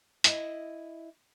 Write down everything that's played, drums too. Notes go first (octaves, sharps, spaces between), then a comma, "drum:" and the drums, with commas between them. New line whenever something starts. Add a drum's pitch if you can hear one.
E4 D#5, drum: hi-hat